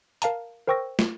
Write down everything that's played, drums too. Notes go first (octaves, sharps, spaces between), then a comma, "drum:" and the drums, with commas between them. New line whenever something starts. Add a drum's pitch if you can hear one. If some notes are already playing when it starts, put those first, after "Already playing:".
A#4 F5 A5 A#5, drum: hi-hat
A#4 C5 G5 C#6 E6 A#6
drum: snare